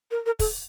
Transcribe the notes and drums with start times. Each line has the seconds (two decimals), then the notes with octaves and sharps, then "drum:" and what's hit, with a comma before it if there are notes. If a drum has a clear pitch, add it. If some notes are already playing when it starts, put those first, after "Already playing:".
0.11 A#4
0.26 A#4
0.39 A4, drum: kick, open hi-hat